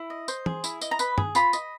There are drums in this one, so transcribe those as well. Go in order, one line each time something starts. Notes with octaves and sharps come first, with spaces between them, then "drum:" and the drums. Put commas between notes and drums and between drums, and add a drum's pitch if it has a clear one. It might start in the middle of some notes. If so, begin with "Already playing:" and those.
Already playing: E4
D#5
C5, drum: tambourine
G#4, drum: tom
E4, drum: tambourine
D#5, drum: tambourine
A#5
B4 B5, drum: tambourine
G#4, drum: tom
F4 B5, drum: tambourine
D#5, drum: tambourine